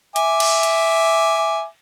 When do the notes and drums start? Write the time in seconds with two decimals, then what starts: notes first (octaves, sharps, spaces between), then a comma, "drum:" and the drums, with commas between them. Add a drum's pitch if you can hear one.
0.16 E5 G#5 D6, drum: hi-hat
0.40 drum: cymbal
0.63 drum: hi-hat